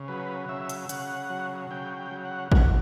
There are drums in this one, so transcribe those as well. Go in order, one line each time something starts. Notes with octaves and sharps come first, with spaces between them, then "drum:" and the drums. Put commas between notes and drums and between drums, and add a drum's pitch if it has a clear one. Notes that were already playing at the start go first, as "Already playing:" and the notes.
Already playing: C#3
F#3 B4
C#3 E5
drum: hi-hat
C#3 F#5, drum: hi-hat
F#3
C#3 G5
G5
F#3
F#5
F#3 F#5, drum: kick